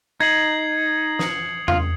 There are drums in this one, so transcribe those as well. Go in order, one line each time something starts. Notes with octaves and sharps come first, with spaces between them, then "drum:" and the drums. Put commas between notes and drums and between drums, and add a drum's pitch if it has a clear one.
D#4 G#6 C7 F#7
D#6 G#6 C#7 F#7, drum: snare
F4, drum: tom E2